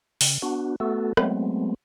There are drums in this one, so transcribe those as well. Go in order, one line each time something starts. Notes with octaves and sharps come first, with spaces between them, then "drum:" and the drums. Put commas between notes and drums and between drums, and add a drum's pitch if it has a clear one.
C#3, drum: open hi-hat
B3 D4 F#4
A3 B3 F#4 A4
F#3 G#3 A3 B3 C4, drum: rim click